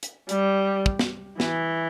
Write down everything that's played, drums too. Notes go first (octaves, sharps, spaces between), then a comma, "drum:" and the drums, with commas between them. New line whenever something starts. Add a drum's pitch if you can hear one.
drum: hi-hat
G3, drum: hi-hat
drum: kick
drum: snare
E3, drum: snare